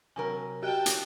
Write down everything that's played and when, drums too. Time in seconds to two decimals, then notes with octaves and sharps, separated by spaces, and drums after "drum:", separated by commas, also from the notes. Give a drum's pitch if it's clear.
0.16 C3 F#3 A#4 G#5
0.63 F#4 G4 G5 A5 F#6
0.86 drum: hi-hat